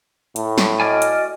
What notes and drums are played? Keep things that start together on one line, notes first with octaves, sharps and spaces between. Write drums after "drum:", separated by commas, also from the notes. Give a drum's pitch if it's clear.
A2, drum: hi-hat
drum: snare
F#4 D5 D#5 G#5 F6
drum: hi-hat